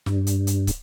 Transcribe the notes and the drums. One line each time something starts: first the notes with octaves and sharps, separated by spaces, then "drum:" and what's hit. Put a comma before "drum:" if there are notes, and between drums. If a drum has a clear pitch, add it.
G2, drum: snare
drum: hi-hat
drum: hi-hat
drum: kick, hi-hat